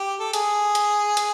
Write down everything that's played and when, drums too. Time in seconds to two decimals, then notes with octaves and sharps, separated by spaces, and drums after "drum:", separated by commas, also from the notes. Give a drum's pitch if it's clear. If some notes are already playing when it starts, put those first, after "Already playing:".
Already playing: G4
0.20 A4
0.33 G#4, drum: hi-hat
0.75 drum: hi-hat
1.17 drum: hi-hat